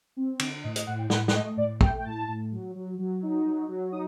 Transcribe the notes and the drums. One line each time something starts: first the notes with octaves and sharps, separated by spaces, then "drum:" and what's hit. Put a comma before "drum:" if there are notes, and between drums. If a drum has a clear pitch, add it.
C4
D3, drum: cymbal
A2 D#5
D#5, drum: hi-hat
A2 F#5
G5
A2 F#5, drum: snare
F#5, drum: snare
A3 D#5
A2 D5
A3 G5, drum: kick
G5
A2 A5
A2
F#3
F#3
F#3
D#4
F#3
F#3
D#4 D#6